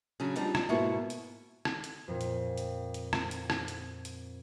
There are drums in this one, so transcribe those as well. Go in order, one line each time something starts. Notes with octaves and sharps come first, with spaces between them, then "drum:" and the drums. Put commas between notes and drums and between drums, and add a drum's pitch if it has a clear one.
C#3 F#3 D4
F3 G3 D4 D#4, drum: hi-hat
drum: rim click
G#2 B2 A#3 B3 E4 F#4
drum: hi-hat
drum: rim click
drum: hi-hat
F2 A#2
drum: hi-hat
drum: hi-hat
drum: hi-hat
drum: rim click
drum: hi-hat
drum: rim click
drum: hi-hat
drum: hi-hat